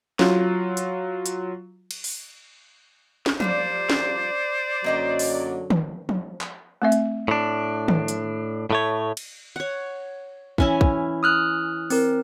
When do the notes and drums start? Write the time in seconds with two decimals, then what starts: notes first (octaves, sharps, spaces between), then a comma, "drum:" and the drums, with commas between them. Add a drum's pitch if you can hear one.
0.19 F#3 F4, drum: snare
0.77 drum: hi-hat
1.26 drum: hi-hat
1.91 drum: cymbal
2.04 drum: open hi-hat
3.26 drum: snare
3.40 F3 G3 A#3 C5 D5, drum: tom F3
3.90 drum: snare
4.84 F#2 D3 F#3 A#3 D#5 G5
5.19 drum: open hi-hat
5.70 drum: tom D#3
6.09 drum: tom F3
6.41 drum: clap
6.82 A3 C4 E5
6.92 drum: hi-hat
7.28 A2 D4
7.88 drum: tom D#3
8.08 drum: hi-hat
8.71 A2 A3 C#5
9.17 drum: cymbal
9.56 C#5 F#5
10.58 E3 C#4 E4, drum: kick
10.81 drum: kick
11.23 D#6 F6 F#6
11.90 C4 A#4, drum: open hi-hat